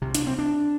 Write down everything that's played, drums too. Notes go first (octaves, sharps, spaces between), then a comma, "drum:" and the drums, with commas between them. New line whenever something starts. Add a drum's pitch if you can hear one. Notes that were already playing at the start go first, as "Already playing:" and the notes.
C2 C3
D4, drum: hi-hat
C4
D4